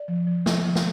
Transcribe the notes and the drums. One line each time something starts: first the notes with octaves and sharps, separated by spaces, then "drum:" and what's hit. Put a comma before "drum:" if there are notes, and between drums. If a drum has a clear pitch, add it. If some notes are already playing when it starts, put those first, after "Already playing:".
Already playing: D5
F3
F3
F3 D#5, drum: snare
F3
F5, drum: snare